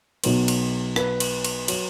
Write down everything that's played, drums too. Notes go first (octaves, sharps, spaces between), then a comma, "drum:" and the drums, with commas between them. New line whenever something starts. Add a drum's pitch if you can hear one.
B1 B2 F#3 B3, drum: cymbal
drum: cymbal
B4, drum: rim click
drum: cymbal
drum: cymbal
F#3, drum: cymbal